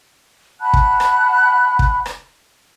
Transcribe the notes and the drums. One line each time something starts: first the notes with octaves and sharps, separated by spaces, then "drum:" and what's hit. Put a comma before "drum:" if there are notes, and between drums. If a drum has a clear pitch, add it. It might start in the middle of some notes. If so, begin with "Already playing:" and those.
F#5 A5 B5 F#6
drum: kick
drum: rim click
drum: kick
drum: rim click